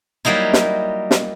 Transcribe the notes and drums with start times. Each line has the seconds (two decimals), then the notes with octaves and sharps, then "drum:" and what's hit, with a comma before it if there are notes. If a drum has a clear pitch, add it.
0.25 F#3 G3 A#3 D#4 E4
0.53 drum: snare
1.11 drum: snare